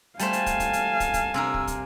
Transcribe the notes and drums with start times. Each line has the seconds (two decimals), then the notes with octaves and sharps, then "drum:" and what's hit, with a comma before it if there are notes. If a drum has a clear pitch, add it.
0.19 G3 A3 C5 F5 G#5 A5, drum: hi-hat
0.33 drum: hi-hat
0.46 drum: kick, hi-hat
0.60 drum: kick, hi-hat
0.73 drum: hi-hat
1.00 drum: kick, hi-hat
1.14 drum: kick, hi-hat
1.34 C3 D4 A#4 E6
1.54 drum: kick
1.67 drum: kick, hi-hat